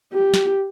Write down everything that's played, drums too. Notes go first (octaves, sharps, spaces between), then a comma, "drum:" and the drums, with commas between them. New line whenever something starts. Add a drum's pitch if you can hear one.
G4
drum: snare